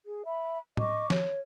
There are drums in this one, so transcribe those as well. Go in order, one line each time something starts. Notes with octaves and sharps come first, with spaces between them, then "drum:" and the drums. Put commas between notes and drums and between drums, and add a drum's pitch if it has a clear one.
G#4
E5 B5
D#5 C#6 D6, drum: tom A2
C#5, drum: snare F3